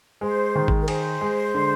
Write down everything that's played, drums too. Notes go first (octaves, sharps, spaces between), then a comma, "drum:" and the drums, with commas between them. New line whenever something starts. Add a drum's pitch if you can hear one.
G#3 C5
D#3
drum: kick G#1
A#4
G#4 C5, drum: cymbal
G#3
D3